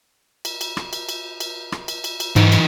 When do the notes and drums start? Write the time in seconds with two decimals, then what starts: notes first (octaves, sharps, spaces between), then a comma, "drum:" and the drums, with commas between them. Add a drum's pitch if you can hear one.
0.45 drum: cymbal
0.61 drum: cymbal
0.77 drum: rim click
0.93 drum: cymbal
1.09 drum: cymbal
1.40 drum: cymbal
1.72 drum: rim click
1.88 drum: cymbal
2.04 drum: cymbal
2.20 drum: cymbal
2.36 G#2 E3 D#4, drum: cymbal
2.52 drum: cymbal